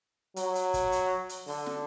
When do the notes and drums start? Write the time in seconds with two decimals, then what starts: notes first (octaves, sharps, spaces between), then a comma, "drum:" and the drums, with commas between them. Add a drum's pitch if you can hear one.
0.36 F#3, drum: hi-hat
0.55 drum: hi-hat
0.74 drum: kick, hi-hat
0.92 drum: hi-hat
1.29 drum: hi-hat
1.48 D3, drum: open hi-hat
1.66 drum: snare